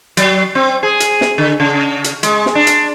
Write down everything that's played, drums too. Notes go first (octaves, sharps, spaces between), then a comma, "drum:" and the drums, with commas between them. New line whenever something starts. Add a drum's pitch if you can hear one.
F#3, drum: hi-hat
C4
G#4
drum: hi-hat
drum: snare
D3
C#3
drum: hi-hat
G#3, drum: hi-hat
drum: snare
D4
drum: hi-hat